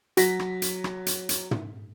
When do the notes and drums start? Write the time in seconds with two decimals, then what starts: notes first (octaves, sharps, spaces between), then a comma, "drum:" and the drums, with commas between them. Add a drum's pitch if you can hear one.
0.17 F#3 F#4 A#6 B6, drum: hi-hat
0.39 drum: rim click
0.62 drum: hi-hat
0.84 drum: rim click
1.06 drum: hi-hat
1.29 drum: hi-hat
1.51 drum: tom